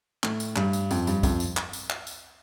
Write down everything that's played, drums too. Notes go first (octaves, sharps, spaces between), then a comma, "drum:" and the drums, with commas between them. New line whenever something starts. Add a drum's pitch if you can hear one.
A2, drum: clap
drum: tambourine
G2, drum: clap
drum: tambourine
F2, drum: tambourine
G2, drum: tambourine
F2, drum: kick, tambourine
drum: tambourine
drum: clap
drum: tambourine
drum: clap
drum: tambourine